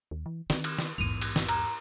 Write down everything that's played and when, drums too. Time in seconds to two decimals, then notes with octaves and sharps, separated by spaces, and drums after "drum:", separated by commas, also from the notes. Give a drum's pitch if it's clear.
0.11 D#2
0.26 E3
0.50 D#3 C4, drum: snare
0.64 drum: cymbal
0.78 drum: snare
0.98 A#1 E2 G#2 D#7 F7
1.21 drum: cymbal
1.36 drum: snare
1.48 A#5, drum: cymbal